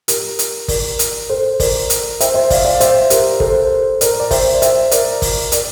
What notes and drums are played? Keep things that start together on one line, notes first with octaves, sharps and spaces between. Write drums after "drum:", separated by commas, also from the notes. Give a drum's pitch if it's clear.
G4 A#4, drum: hi-hat
drum: hi-hat
A#4 D5, drum: kick, open hi-hat
drum: hi-hat
A4 C5
A#4 D5, drum: kick, open hi-hat
drum: hi-hat
C5 E5, drum: hi-hat
C5 E5
D5 F5, drum: kick, open hi-hat
D5 F5
C5 E5, drum: hi-hat
G4 A#4, drum: hi-hat
A4 C5, drum: kick
A#4 D5, drum: hi-hat
D5
C5 E5, drum: kick, open hi-hat
D5
C5 E5, drum: hi-hat
A#4 D5, drum: hi-hat
drum: kick, open hi-hat
A#4 D5, drum: hi-hat